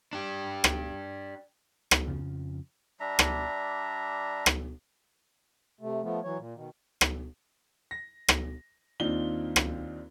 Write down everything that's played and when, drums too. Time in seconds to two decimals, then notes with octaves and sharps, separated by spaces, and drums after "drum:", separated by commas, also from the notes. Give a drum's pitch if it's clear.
0.13 D4 G4
0.64 drum: rim click
1.91 drum: rim click
2.07 F2 C#3 F3
3.00 G3 D4 E5 A#5
3.19 drum: rim click
4.46 drum: rim click
5.81 C3 A3
6.03 F3 A3 B3
6.24 E3 F#3 C#5
6.38 A#2
6.54 B2 D#3
7.01 drum: rim click
7.91 A#6
8.28 drum: rim click
9.00 D#2 C4 D4 D#4 F4 G7
9.56 drum: rim click